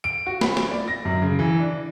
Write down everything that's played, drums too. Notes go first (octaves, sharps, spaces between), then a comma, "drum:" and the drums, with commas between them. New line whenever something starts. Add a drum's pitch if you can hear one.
D7
F#4
B5, drum: snare
drum: snare
D5
A#6
F#2
C#3
E3
D4